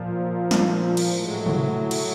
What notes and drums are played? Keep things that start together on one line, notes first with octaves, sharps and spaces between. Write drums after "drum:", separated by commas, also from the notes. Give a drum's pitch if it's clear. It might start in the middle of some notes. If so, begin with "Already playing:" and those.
Already playing: A#2 F3
drum: snare
drum: cymbal
A2 F#3 G#3
drum: tom C3
drum: cymbal